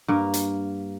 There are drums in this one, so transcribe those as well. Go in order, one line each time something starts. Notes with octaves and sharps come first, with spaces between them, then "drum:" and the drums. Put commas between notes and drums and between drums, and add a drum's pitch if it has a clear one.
G2 A#3
drum: hi-hat